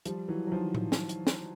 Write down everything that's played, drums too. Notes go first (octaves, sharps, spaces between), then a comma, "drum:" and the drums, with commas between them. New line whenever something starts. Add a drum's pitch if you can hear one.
F3 G3, drum: hi-hat
E3 F#3
F#3
D#3 F3
drum: tom A2
drum: snare
drum: hi-hat
drum: snare